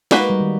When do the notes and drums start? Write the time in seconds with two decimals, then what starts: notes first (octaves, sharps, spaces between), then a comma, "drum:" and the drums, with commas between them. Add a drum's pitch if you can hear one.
0.11 G#3 A#3 D#4 F#4 B4, drum: snare
0.30 G3
0.40 D#3